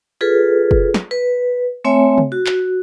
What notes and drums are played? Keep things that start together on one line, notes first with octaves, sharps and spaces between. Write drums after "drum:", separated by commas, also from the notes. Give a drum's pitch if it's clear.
F4 G#4 A4 B4
drum: kick F#1
drum: snare
B4
A3 C4 C#5 E5 G#5
drum: tom
F#4
drum: clap